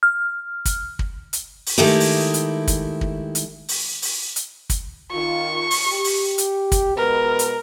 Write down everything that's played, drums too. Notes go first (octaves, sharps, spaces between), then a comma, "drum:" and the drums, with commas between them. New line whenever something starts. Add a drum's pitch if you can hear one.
F6
drum: kick, hi-hat
drum: kick
drum: hi-hat
drum: open hi-hat
D#3 G#3 A3 D#4 E4 G4
drum: open hi-hat
drum: hi-hat
drum: kick, hi-hat
drum: kick
drum: hi-hat
drum: open hi-hat
drum: open hi-hat
drum: hi-hat
drum: kick, hi-hat
D#3 F4 C#6
drum: open hi-hat
G4
drum: open hi-hat
drum: hi-hat
drum: kick, hi-hat
B2 G#3 A#4 B4
drum: hi-hat